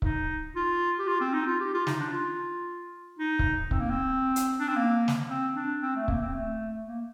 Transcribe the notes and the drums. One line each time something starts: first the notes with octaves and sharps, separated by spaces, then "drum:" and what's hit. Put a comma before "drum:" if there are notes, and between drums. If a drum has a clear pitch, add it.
D#4, drum: kick C#1
F4
G4
F4
C4
D#4
F4
G4
F4
D#4, drum: snare
D4
F4
D#4
drum: kick C#1
C4, drum: kick C#1
A#3
C4
drum: hi-hat
D4
C4
A#3
drum: snare
C4
D4
C4
A3
A#3, drum: kick C#1
C4
A3
A#3